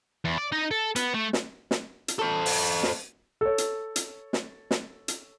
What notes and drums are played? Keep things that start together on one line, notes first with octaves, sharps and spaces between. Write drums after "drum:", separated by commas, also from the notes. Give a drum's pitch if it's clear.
E2
D5
D#4 D#5
A4
B3, drum: hi-hat
A3
drum: snare
drum: snare
drum: hi-hat
A4 C5
drum: open hi-hat
drum: snare
A4 C#5
drum: hi-hat
drum: hi-hat
drum: snare
drum: snare
drum: hi-hat